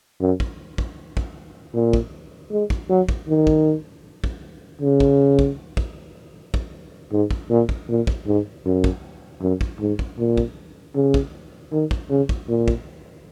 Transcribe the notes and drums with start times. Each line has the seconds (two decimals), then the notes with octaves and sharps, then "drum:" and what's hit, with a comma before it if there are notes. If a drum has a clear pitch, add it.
0.21 F#2
0.40 drum: kick
0.78 drum: kick
1.17 drum: kick
1.74 A#2
1.93 drum: kick
2.51 G#3
2.70 drum: kick
2.89 F#3
3.09 drum: kick
3.28 D#3
3.47 drum: kick
4.24 drum: kick
4.81 C#3
5.00 drum: kick
5.39 drum: kick
5.77 drum: kick
6.54 drum: kick
7.12 G#2
7.31 drum: kick
7.50 A#2
7.69 drum: kick
7.89 A#2
8.07 drum: kick
8.27 G#2
8.65 F#2
8.84 drum: kick
9.42 F#2
9.61 drum: kick
9.80 G#2
9.99 drum: kick
10.18 A#2
10.37 drum: kick
10.95 C#3
11.14 drum: kick
11.72 D#3
11.91 drum: kick
12.10 C#3
12.29 drum: kick
12.49 A#2
12.68 drum: kick